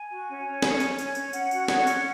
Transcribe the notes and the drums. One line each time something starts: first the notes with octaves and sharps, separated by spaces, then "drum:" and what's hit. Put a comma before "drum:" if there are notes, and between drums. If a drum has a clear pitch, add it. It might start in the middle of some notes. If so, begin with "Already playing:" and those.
Already playing: G#5
F#4
C#4
C#5
C#4, drum: snare
C#5, drum: tambourine
C#5, drum: tambourine
C#4, drum: tambourine
C#4 F#5, drum: tambourine
F#4, drum: tambourine
C#4 F#5, drum: snare
C#4, drum: tambourine